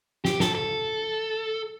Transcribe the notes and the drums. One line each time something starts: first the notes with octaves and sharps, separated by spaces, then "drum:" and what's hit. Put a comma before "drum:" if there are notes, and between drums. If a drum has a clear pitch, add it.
G4, drum: snare
A4, drum: snare
A4